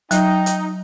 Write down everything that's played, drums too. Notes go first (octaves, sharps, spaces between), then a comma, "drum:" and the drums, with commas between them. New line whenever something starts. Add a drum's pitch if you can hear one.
F#3 D#4 G5, drum: hi-hat
drum: hi-hat